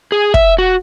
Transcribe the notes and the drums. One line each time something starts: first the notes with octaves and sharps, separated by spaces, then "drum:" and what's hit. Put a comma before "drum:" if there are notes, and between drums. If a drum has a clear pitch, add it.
G#4
E5, drum: kick
F#4